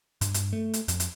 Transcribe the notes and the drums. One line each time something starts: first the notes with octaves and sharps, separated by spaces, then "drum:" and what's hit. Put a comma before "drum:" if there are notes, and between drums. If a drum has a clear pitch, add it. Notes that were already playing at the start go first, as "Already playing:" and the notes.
G2, drum: hi-hat
drum: hi-hat
A3
drum: hi-hat
F2, drum: hi-hat
drum: hi-hat